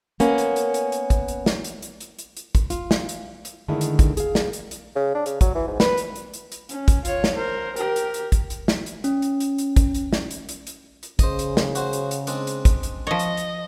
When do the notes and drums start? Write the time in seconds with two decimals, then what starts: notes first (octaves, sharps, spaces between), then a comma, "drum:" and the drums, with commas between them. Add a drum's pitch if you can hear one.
0.20 A#3 B3 C#4, drum: hi-hat
0.38 drum: hi-hat
0.56 drum: hi-hat
0.74 drum: hi-hat
0.92 drum: hi-hat
1.10 drum: kick, hi-hat
1.28 drum: hi-hat
1.46 drum: snare
1.64 drum: hi-hat
1.82 drum: hi-hat
2.01 drum: hi-hat
2.19 drum: hi-hat
2.37 drum: hi-hat
2.55 drum: kick, hi-hat
2.70 F4, drum: hi-hat
2.91 drum: snare
3.09 drum: hi-hat
3.45 drum: hi-hat
3.68 D3 D#3 G#3 A3 D4 E4
3.81 drum: hi-hat
3.99 drum: kick, hi-hat
4.17 G#4 F5, drum: hi-hat
4.35 drum: snare
4.53 drum: hi-hat
4.71 drum: hi-hat
4.96 C#3
5.15 D4
5.26 C#3, drum: hi-hat
5.41 F#3, drum: kick, hi-hat
5.55 E3
5.67 G#2
5.80 B4, drum: snare
5.98 drum: hi-hat
6.16 drum: hi-hat
6.34 drum: hi-hat
6.52 drum: hi-hat
6.69 C#4, drum: hi-hat
6.88 drum: kick, hi-hat
7.05 F4 C#5, drum: hi-hat
7.24 drum: snare
7.36 A#4 C5
7.76 G4 A#4, drum: hi-hat
7.96 drum: hi-hat
8.14 drum: hi-hat
8.32 drum: kick, hi-hat
8.50 drum: hi-hat
8.68 drum: snare
8.86 drum: hi-hat
9.04 C#4, drum: hi-hat
9.22 drum: hi-hat
9.40 drum: hi-hat
9.58 drum: hi-hat
9.76 drum: kick, hi-hat
9.95 drum: hi-hat
10.13 drum: snare
10.31 drum: hi-hat
10.49 drum: hi-hat
10.67 drum: hi-hat
11.03 drum: hi-hat
11.19 C#3 C5 D#5, drum: kick, hi-hat
11.39 drum: hi-hat
11.57 drum: snare
11.75 F#4 C5, drum: hi-hat
11.93 drum: hi-hat
12.11 drum: hi-hat
12.27 G#3 C4 D4, drum: hi-hat
12.47 drum: hi-hat
12.65 drum: kick, hi-hat
12.83 drum: hi-hat
13.07 F3 C#5 D#5
13.19 drum: hi-hat
13.37 drum: hi-hat